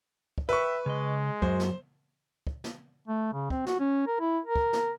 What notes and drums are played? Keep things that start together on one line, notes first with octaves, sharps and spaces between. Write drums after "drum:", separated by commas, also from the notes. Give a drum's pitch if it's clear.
drum: kick
B4 E5 G5 C#6
C#3 G#3 D#5
F#2 F#4 C5, drum: kick
drum: snare
drum: kick
drum: snare
A3
C#3
C4, drum: kick
F#4, drum: snare
C#4
A#4
E4
A#4
drum: kick
drum: snare